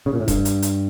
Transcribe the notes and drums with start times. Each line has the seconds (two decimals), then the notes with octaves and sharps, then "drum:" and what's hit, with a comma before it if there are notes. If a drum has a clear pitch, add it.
0.06 C#3
0.13 A#2
0.20 A2
0.28 G2, drum: kick E1, hi-hat
0.45 drum: hi-hat
0.62 drum: hi-hat